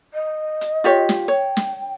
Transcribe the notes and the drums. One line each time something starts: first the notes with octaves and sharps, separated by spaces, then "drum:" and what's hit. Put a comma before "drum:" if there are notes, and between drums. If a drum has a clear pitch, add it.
D#5
drum: hi-hat
F4 G4 C#5
drum: snare
C#5 G5
drum: snare